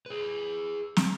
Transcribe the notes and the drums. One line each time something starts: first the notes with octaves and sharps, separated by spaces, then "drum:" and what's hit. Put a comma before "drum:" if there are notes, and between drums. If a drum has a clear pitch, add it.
G#4 B4
drum: snare